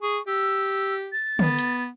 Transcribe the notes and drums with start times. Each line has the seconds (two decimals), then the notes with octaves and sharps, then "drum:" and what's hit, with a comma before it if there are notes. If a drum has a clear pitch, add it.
0.02 G#4 C#6
0.27 G4 E6
1.12 A6
1.39 B3, drum: tom D3
1.59 drum: hi-hat